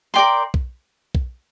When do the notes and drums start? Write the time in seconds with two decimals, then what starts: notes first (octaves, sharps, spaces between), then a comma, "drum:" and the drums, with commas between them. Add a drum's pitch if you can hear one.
0.14 A#4 D5 G5 C6
0.54 drum: kick
1.15 drum: kick